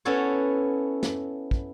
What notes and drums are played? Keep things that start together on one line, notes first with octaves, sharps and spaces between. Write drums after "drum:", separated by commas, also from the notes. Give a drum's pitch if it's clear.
B3 C#4 E4 F#4 A4 C#5
drum: snare
drum: kick